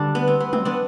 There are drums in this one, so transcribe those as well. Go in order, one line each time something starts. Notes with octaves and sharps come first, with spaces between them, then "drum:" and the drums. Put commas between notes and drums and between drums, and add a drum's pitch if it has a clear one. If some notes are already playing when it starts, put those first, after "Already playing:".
Already playing: D3 G3 D4
B3
C4
B3
C4, drum: tom
B3 D4